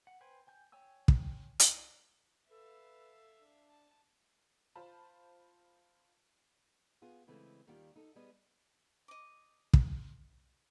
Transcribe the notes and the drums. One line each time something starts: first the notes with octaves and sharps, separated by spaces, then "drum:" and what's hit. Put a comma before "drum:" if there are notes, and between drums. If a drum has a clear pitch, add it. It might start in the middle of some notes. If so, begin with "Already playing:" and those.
F#5
B4 C5 G5 G#5
G5 G#5 G6
C#5 G5 G#5 E6
drum: kick
D#4, drum: hi-hat
A4 B4 E5 F5
D4
A5
F4 C5 A5 B5
B3 F4 G#4
C#3 E3 G#3 A3 C4
D#2 D#3 G3 F4 G4
D#4 A4
G3 B3 G#4 D#5
D#5 D6
drum: kick